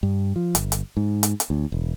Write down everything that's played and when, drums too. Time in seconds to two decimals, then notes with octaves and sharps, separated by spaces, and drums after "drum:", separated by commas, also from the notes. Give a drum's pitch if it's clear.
0.03 G2
0.36 F3
0.55 G1, drum: hi-hat
0.72 drum: hi-hat
0.97 G#2
1.23 drum: hi-hat
1.40 drum: hi-hat
1.50 D2
1.72 E1